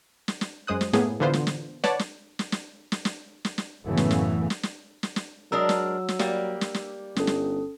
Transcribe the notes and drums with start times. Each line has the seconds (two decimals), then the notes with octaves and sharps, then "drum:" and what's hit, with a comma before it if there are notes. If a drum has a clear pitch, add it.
0.28 drum: snare
0.41 drum: snare
0.67 F#2 G#3 C5 D#6 F#6
0.81 drum: snare
0.93 A2 A#3 B3 G#4, drum: snare
1.20 D3 E3 B3 F4 C5
1.33 drum: snare
1.47 drum: snare
1.84 B4 C#5 D5 F#5 A5, drum: snare
1.99 drum: snare
2.39 drum: snare
2.52 drum: snare
2.92 drum: snare
3.05 drum: snare
3.45 drum: snare
3.58 drum: snare
3.85 F#2 A2 C#3 E3 A3 B3
3.97 drum: snare
4.11 drum: snare
4.50 drum: snare
4.63 drum: snare
5.03 drum: snare
5.16 drum: snare
5.52 F#3 G#3 D4 A#4 E6
5.69 drum: snare
6.08 drum: snare
6.19 G3 A#3, drum: snare
6.61 drum: snare
6.74 drum: snare
7.16 G1 C#4 A4, drum: snare
7.27 drum: snare